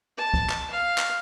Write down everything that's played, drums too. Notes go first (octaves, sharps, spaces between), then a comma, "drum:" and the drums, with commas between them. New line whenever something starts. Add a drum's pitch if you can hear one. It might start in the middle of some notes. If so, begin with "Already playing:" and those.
A5
drum: kick
drum: clap
F5
drum: clap